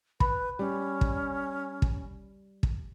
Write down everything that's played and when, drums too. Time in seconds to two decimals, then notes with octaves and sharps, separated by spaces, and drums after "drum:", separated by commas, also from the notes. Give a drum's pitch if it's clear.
0.20 B4 B5, drum: kick
0.59 G3 C#4
1.01 drum: kick
1.82 drum: kick
2.63 drum: kick